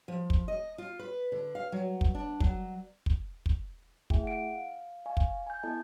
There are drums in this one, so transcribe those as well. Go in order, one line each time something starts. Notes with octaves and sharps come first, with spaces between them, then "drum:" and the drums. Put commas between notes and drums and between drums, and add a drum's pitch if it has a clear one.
F3
drum: kick
D#5
F4
B4
D3
F5
F#3
drum: kick
D4
F#3, drum: kick
drum: kick
drum: kick
A3 E4 G#4 E5 G5 G#5, drum: kick
F#5 D7
F5
D#5 F5 G#5 C#6
drum: kick
G#5 G6
B3 E4 A4 D#5 A5